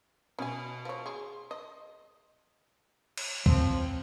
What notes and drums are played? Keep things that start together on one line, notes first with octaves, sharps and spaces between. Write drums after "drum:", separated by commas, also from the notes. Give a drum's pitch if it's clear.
B2 C#4 G#5
F3 C#5
G#4 C6
D#5
drum: cymbal
F3 C4, drum: kick